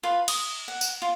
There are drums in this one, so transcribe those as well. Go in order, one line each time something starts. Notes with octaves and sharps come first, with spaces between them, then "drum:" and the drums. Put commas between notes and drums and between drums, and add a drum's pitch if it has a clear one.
F4 B4
D#6, drum: cymbal
F#5
drum: tambourine
F4